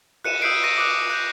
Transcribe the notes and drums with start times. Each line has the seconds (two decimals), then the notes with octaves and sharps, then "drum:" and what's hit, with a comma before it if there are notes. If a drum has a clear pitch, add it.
0.24 F#6 C#7 D#7 E7, drum: cymbal
0.42 D#6 E6 G6 B6 C7 D7
0.63 C#6 G6 A#6 D7 D#7
0.78 D6 D#6 F#6
0.93 D#7
1.10 F#6 G6